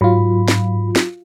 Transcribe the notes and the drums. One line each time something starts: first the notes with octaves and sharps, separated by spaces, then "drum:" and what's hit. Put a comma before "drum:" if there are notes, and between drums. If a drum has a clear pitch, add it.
G#2 F#3 F4 B5
drum: snare
drum: snare